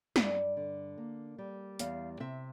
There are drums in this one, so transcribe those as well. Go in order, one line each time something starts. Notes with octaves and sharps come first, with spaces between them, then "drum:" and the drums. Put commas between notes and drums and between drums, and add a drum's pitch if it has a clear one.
G2 D5, drum: snare
D3
A#3
G3
E2 F5, drum: hi-hat
C3 E5